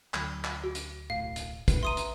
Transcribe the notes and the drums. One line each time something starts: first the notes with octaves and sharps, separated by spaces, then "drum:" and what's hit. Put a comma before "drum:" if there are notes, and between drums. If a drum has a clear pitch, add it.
D2 F#3 B5, drum: clap
drum: clap
F#4
drum: hi-hat
D1 B1 A2 F5
drum: hi-hat
D2 B4, drum: kick, hi-hat
E5 A#5 C6 D#6 D#7
drum: hi-hat